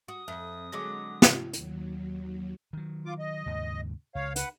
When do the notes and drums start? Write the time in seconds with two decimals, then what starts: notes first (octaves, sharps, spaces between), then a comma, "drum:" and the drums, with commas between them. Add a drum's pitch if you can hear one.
0.08 F#4 D#6
0.28 F2 E5
0.72 D3 F#3 G#3 D6 A#6
1.22 drum: snare
1.53 D#2 F#3, drum: hi-hat
2.73 D#3 F#3
3.06 F4 D6
3.19 D#5
3.46 D#2 G#2 C#3
4.15 C#2 C#5 F5
4.36 B4 F#5, drum: hi-hat